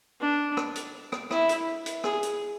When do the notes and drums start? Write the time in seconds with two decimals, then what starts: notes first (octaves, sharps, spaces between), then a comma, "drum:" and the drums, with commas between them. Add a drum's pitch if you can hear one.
0.20 D4
0.57 drum: rim click
0.75 drum: hi-hat
1.12 drum: rim click
1.31 E4, drum: rim click
1.49 drum: hi-hat
1.86 drum: hi-hat
2.04 G#4, drum: rim click
2.23 drum: hi-hat